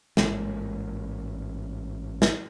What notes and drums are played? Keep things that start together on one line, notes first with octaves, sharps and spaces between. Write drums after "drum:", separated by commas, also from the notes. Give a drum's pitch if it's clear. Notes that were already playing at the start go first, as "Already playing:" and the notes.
A1 G#2 G#3 A#3, drum: snare
drum: snare